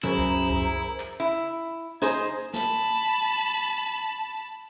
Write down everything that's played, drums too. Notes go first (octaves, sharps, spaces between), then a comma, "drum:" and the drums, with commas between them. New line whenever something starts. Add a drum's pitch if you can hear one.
F#2 C#3 E4 G#4 A#4 C5 A#5
drum: kick C2
drum: kick C2
drum: clap
E4
D#4 G#4 C5, drum: snare
A5 B5, drum: snare